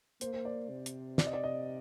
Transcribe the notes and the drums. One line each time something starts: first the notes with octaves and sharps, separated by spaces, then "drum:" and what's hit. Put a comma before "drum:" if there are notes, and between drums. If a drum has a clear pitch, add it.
A#3 C5, drum: hi-hat
C5
D5
C3
drum: hi-hat
D5, drum: snare
D#5
D5
D#5